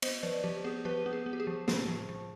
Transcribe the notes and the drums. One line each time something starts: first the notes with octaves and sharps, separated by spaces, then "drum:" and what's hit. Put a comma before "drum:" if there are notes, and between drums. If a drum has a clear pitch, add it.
B3 C5 D#5, drum: cymbal
F3 B4 D5
F3 G4
B3 G#4
F3 G4 B4
B3
G#4
B3
G4
G#4
F3
F3 G#4, drum: snare
F3
F3